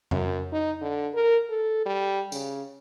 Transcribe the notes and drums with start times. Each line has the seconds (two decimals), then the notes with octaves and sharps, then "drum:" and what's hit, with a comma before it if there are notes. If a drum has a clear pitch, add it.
0.11 F#2, drum: tom F2
0.52 D#4
0.81 D3
1.14 A#4
1.50 A4
1.86 G3
2.32 C#3, drum: tambourine